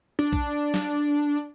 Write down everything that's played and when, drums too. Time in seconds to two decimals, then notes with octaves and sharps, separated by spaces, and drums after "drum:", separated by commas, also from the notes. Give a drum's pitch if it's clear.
0.19 D4
0.33 drum: kick A#1
0.74 drum: snare